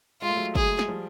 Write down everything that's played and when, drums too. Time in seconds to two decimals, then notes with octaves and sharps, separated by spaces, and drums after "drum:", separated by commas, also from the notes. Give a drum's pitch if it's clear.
0.22 G#3 F4
0.29 A3
0.36 F#3 G#3
0.55 G#4, drum: kick
0.79 drum: snare
0.88 F3 G3